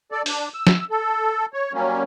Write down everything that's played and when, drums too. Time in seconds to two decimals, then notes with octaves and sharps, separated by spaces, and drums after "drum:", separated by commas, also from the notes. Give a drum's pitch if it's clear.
0.12 A4 D5
0.26 D4, drum: open hi-hat
0.54 E6
0.67 drum: snare
0.90 A4
1.54 C#5
1.73 F#3 G3 A#3 C#4